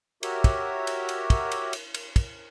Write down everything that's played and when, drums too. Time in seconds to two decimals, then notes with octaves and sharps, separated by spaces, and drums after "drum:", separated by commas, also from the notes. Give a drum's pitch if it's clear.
0.23 F#4 G4 A#4 C#5 E5, drum: cymbal
0.44 drum: kick, cymbal
0.87 drum: cymbal
1.09 drum: cymbal
1.30 drum: kick, cymbal
1.52 drum: cymbal
1.73 drum: cymbal
1.94 drum: cymbal
2.16 drum: kick, cymbal